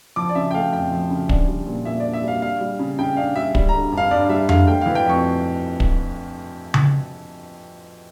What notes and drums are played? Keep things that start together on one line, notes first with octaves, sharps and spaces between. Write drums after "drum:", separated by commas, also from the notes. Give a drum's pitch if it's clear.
F3 D6
D5
C#3 E5
G5
A3 F5
F2 G5
F3
C#3
D4, drum: kick
G3
A#2
A#2 E5
D4 D5
E5
G3 F5
D4 F5
G3
C#3
C#3 G5
D4 F5
G3 E5
G3, drum: kick
D3 A#5
G2
F5
G2 D5
G3 E5
D3 F5, drum: tom F2
A3 G5
E3 F5
G5
F2 C#6
drum: kick
drum: tom C#3